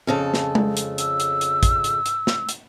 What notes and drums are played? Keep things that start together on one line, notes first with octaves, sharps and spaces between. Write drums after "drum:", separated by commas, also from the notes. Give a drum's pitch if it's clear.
F2 C#3 A4
drum: snare
drum: tom G#3
drum: hi-hat
E6, drum: hi-hat
drum: hi-hat
drum: hi-hat
drum: kick A1, hi-hat
drum: hi-hat
drum: hi-hat
drum: snare
drum: hi-hat